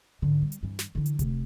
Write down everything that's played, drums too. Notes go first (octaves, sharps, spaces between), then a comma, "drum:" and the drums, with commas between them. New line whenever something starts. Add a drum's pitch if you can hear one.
G#2 D3
G3
drum: hi-hat
G2 E3
drum: snare
D3 E3
drum: hi-hat
C3 A3, drum: kick D#1, hi-hat